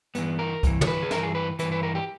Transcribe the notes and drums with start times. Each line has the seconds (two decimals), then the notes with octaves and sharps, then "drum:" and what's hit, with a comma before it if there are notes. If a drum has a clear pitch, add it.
0.15 G2 E3 B3, drum: hi-hat
0.39 A#4
0.63 G2 E3, drum: kick C2, hi-hat
0.81 C#5, drum: tom
0.87 B4
1.03 G#4
1.11 G2 E3 A#4, drum: snare
1.23 G#4
1.35 B4
1.59 G2 E3 B4, drum: hi-hat
1.72 B4
1.83 A#4
1.95 G4